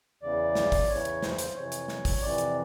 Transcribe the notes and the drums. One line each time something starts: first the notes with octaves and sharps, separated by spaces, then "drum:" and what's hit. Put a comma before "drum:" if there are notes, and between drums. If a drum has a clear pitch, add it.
E2 C#3 E3 D5
drum: snare
drum: kick, open hi-hat
E2 C#3 E3 C#5
drum: hi-hat
C5, drum: snare
drum: hi-hat
F2 C3 E3 C#5
drum: hi-hat
drum: snare
drum: kick, open hi-hat
F2 C3 E3 D5
drum: hi-hat